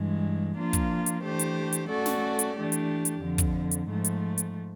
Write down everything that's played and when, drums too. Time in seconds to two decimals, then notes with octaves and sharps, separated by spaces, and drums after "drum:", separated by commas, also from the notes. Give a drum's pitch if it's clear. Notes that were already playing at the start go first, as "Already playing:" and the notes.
Already playing: G2 E3 G#3
0.56 F3 A#3 D4 F4
0.73 drum: kick, hi-hat
1.06 drum: hi-hat
1.23 E3 A3 D4 G4 C5
1.39 drum: hi-hat
1.72 drum: hi-hat
1.88 A3 C#4 F#4 A4 D5
2.06 drum: snare
2.39 drum: hi-hat
2.55 E3 A3 D4 G4
2.72 drum: hi-hat
3.05 drum: hi-hat
3.21 F2 D3 F3
3.38 drum: kick, hi-hat
3.71 drum: hi-hat
3.88 G#2 F3 A3
4.04 drum: hi-hat
4.38 drum: hi-hat